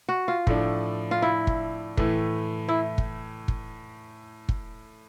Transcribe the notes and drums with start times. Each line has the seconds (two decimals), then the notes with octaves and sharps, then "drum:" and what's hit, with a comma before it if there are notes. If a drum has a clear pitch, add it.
0.09 F#4
0.28 F4
0.47 A2 F3 A3 D4, drum: kick
1.11 F4
1.22 E4
1.47 drum: kick
1.97 A2 E3 A3, drum: kick
2.68 E4
2.98 drum: kick
3.48 drum: kick
4.49 drum: kick